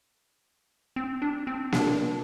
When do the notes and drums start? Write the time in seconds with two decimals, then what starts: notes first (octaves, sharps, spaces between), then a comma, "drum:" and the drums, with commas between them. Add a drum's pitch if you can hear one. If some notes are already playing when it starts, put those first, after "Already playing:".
0.96 C4
1.22 D4
1.47 C4
1.72 D4, drum: snare A#3